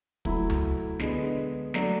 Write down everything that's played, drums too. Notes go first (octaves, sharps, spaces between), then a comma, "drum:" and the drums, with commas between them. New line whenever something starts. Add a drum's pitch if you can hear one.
F#3 A3 E4, drum: kick
drum: tom C#2
D3 G#3 B3, drum: snare
F#3 A3 D4, drum: snare